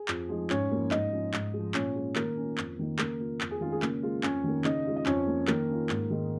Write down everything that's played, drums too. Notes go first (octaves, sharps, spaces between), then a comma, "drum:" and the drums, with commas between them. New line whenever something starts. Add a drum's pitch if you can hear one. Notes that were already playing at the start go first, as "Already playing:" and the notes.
Already playing: G#4
F2, drum: clap
F3 G#3 D#4
G#2 C#4 C#5, drum: clap
F3 A#3
G#2 D#4 D#5, drum: clap
F3 C#4 F4
G#2, drum: clap
F3 G#3
A#2 C#4 C#5, drum: clap
G#3 C#4
D#3 A#3 A#4, drum: clap
C#4 F4
F2, drum: clap
D#3 A#3 D#4
C#3 A#3 A#4, drum: clap
A#3 F4
F2, drum: clap
G#4
D#3 G#3 C#4 F4
G#4
C#3 A#3 A#4, drum: clap
G#3 F4
F2 C#4 C#5, drum: clap
D#3 A#3
C#3 D#4 D#5, drum: clap
G#3 F4
D#5
F2 C#4 C#5, drum: clap
F3 A#3
D#3 A#3 A#4, drum: clap
C#4 F4
G#2, drum: clap
D#3 G#3 D#4